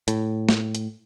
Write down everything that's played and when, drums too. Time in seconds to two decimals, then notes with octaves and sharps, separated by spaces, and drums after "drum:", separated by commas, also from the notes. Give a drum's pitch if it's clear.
0.08 A2, drum: hi-hat
0.49 drum: snare
0.75 drum: hi-hat